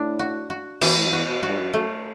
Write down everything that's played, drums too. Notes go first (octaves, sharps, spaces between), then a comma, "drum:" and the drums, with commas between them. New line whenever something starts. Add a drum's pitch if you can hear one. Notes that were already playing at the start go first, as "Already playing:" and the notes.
Already playing: A2 D4
F#4
F#4
B2 E3, drum: cymbal
A2
F#2
E2 F#4
B2
G2 F#4
F#2
F#2 A3